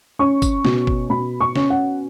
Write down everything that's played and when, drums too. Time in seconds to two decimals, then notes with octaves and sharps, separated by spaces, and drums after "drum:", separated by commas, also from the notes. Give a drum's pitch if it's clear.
0.19 C#4 C#6
0.42 drum: kick, tambourine
0.65 B2, drum: snare
0.87 drum: kick
1.10 B2 B5
1.41 C#6
1.56 C#4, drum: snare
1.70 F#5